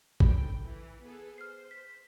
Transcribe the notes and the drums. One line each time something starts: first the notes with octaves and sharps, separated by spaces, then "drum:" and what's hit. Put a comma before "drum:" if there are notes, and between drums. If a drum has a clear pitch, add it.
D3 G5 B5, drum: kick G#1
E3
B3 G#4 A4
C5 F6 C7
B6